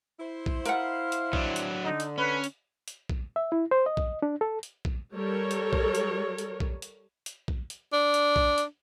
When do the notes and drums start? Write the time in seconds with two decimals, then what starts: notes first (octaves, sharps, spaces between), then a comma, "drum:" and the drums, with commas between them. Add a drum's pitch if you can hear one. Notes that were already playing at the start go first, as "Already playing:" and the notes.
0.20 E4 C5
0.46 drum: kick A#1
0.66 A#4 F5 F#5, drum: hi-hat
1.12 drum: hi-hat
1.33 F#3 D4, drum: kick A#1
1.56 drum: hi-hat
1.84 D3 D#4
2.00 drum: hi-hat
2.18 C#4 B4
2.44 drum: hi-hat
2.88 drum: hi-hat
3.09 drum: kick A#1
3.36 E5
3.52 E4
3.71 C5
3.86 D#5
3.97 drum: kick A#1
4.22 D4
4.41 A4
4.63 drum: hi-hat
4.85 drum: kick A#1
5.14 G3 A4 A#4 C#5
5.51 drum: hi-hat
5.73 drum: kick A#1
5.95 drum: hi-hat
6.38 drum: hi-hat
6.60 drum: kick A#1
6.82 drum: hi-hat
7.26 drum: hi-hat
7.48 drum: kick A#1
7.70 drum: hi-hat
7.93 D4
8.14 drum: hi-hat
8.36 drum: kick A#1
8.58 drum: hi-hat